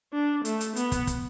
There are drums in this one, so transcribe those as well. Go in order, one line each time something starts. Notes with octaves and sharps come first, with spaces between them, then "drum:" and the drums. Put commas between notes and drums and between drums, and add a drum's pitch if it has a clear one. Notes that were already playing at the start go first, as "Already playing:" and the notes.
D4
A3, drum: hi-hat
drum: hi-hat
B3, drum: hi-hat
drum: kick, hi-hat
drum: kick, hi-hat